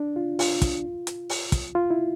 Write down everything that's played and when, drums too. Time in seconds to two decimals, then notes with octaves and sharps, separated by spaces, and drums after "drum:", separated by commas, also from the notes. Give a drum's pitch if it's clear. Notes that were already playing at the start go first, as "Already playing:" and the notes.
Already playing: D4
0.16 F4
0.39 F4, drum: open hi-hat
0.62 drum: kick, hi-hat
1.07 drum: hi-hat
1.29 drum: open hi-hat
1.52 drum: kick, hi-hat
1.75 F4
1.90 E4